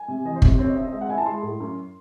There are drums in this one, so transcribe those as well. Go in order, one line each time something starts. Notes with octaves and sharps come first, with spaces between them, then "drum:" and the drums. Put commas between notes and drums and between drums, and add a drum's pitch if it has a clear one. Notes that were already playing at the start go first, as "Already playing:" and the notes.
Already playing: G#5
C3
E3 D#5
C5
C3, drum: kick
C5
C4 C#5
D#5
C4 E5
D#5
G#3 E5
F#5
E4 G#5
A5
G#3 C6
A2
F#2